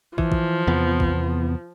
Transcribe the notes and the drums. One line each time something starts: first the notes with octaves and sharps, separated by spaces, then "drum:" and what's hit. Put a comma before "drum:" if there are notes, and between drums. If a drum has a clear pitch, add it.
E3 F3, drum: kick
drum: kick
E2 C3 B3
drum: kick